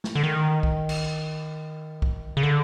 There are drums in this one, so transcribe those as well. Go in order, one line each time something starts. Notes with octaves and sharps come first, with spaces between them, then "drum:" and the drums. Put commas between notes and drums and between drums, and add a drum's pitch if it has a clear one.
drum: snare
D3
D#3
drum: kick
drum: cymbal
drum: kick
C#3
D3